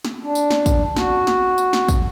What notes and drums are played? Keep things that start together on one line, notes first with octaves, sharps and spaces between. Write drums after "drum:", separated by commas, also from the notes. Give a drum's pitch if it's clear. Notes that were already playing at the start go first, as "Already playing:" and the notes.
drum: snare
D4
drum: tambourine
drum: snare
drum: kick, tambourine
F#4, drum: snare
drum: snare
drum: tambourine
drum: snare
drum: kick, tambourine